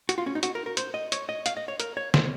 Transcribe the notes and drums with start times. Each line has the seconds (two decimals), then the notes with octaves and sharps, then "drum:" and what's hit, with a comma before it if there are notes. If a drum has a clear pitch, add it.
0.09 F#4, drum: hi-hat
0.18 F4
0.26 C#4
0.35 D#4
0.43 F#4, drum: hi-hat
0.55 A#4
0.66 A#4
0.77 C5, drum: hi-hat
0.94 D#5
1.12 C#5, drum: hi-hat
1.29 D#5
1.46 F5, drum: hi-hat
1.57 D#5
1.68 C#5
1.80 A#4, drum: hi-hat
1.97 C#5
2.14 C5, drum: snare